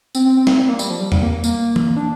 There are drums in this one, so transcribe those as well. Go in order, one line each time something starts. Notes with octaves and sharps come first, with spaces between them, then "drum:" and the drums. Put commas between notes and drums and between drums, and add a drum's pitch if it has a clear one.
C4, drum: tambourine
C4
C4
C4, drum: snare
C4
A#3
G3, drum: tambourine
F3
G3
G3, drum: tom E2
A#3
A#3, drum: tambourine
drum: tom E3
D4